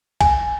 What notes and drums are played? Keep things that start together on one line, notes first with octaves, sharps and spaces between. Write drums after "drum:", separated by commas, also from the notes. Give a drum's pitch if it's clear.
G#5, drum: kick B1, cymbal